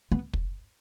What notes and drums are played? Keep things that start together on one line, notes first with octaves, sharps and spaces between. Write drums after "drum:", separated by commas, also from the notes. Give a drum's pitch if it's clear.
B3
drum: kick